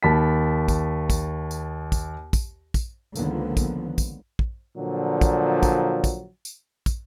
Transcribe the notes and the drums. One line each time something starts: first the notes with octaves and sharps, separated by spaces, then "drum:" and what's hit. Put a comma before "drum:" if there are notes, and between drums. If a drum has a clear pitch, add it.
D#2 A5 B5 B6
drum: kick, tambourine
drum: kick, tambourine
drum: tambourine
drum: kick, tambourine
drum: kick, tambourine
drum: kick, tambourine
C#2 D3 D#3 F3 A#3 B3, drum: tambourine
drum: kick, tambourine
drum: kick, tambourine
drum: kick
A#2 D3 F3 F#3
drum: kick, tambourine
drum: kick, tambourine
drum: kick, tambourine
drum: tambourine
drum: kick, tambourine